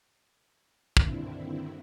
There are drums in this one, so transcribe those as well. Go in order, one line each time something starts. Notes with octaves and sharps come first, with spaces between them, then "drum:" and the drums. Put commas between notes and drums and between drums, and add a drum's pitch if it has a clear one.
G2 A#2 D3 D#3 C4 E4, drum: kick